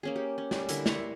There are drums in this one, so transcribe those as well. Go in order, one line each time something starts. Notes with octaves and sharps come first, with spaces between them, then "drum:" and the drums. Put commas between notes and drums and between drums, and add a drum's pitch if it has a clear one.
A#3 C#4 G#4
G4
C#4
G3, drum: snare
D3 E4 A#4, drum: hi-hat
E4 A#5 C6 C#6, drum: snare